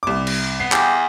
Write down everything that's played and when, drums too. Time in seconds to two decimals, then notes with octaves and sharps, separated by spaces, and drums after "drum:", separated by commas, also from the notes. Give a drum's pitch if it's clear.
0.03 C2 D6
0.27 drum: cymbal
0.60 B3 C7
0.72 E2 G4, drum: clap